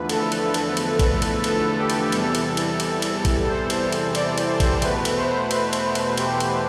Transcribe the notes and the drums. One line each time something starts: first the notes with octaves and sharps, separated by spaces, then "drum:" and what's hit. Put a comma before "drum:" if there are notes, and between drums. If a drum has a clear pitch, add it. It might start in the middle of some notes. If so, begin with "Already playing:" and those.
Already playing: E2 D3 F3 A3 B4
A4, drum: cymbal
drum: cymbal
drum: cymbal
drum: cymbal
drum: kick A1, cymbal
drum: cymbal
A4, drum: cymbal
G4
drum: cymbal
E2 C3 E3 G3 A4, drum: cymbal
drum: cymbal
drum: cymbal
drum: cymbal
drum: cymbal
drum: kick A1, cymbal
C5
drum: cymbal
drum: cymbal
D5, drum: cymbal
drum: cymbal
C5
drum: kick A1, cymbal
E2 B2 A3 B4, drum: cymbal
drum: cymbal
C5
B4, drum: cymbal
drum: cymbal
drum: cymbal
G4, drum: cymbal
drum: cymbal